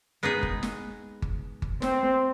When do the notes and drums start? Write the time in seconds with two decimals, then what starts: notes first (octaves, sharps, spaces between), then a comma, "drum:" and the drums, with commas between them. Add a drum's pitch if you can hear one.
0.23 G#3 B3 D#4 G#4
0.43 drum: kick G1
0.63 drum: snare
1.22 drum: kick G1
1.62 drum: kick G1
1.82 C4, drum: snare